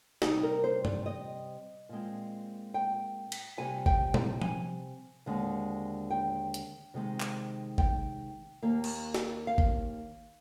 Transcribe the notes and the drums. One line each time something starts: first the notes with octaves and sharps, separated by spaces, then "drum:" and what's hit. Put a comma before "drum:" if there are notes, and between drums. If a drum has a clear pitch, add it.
C3 G3 C4 D#4, drum: snare
A#4
C5
D5, drum: tom G2
D#5
A#2 G#3 C4
G5
drum: cymbal
C3 G3 C4 G#5
G5, drum: kick G#1
G5, drum: tom A#2
G#5, drum: tom F3
D#2 D3 G#3 C4
G5
drum: hi-hat
C3 D#3 G#3 C4
drum: clap
G5, drum: kick G#1
D#2 D#3 A#3
drum: cymbal
drum: snare
F5
drum: kick G#1